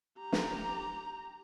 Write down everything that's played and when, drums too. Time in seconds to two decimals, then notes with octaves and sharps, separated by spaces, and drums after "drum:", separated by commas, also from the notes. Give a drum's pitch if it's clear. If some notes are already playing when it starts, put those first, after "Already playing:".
0.19 G4 A#5
0.32 drum: snare